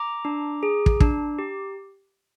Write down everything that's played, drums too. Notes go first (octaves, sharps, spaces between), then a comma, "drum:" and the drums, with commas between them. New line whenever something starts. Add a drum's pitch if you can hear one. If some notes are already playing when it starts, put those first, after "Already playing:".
Already playing: A#5 D6
D4
G#4
drum: kick
D4, drum: kick
G4